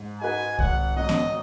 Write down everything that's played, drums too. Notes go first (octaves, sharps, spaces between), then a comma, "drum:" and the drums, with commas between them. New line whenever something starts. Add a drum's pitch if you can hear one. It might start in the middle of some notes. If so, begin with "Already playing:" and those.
Already playing: G#2
G#3 D#4 F#4 B4 G#5
G#1 F#5, drum: kick C2
G#2 F#3 D#5
drum: snare B3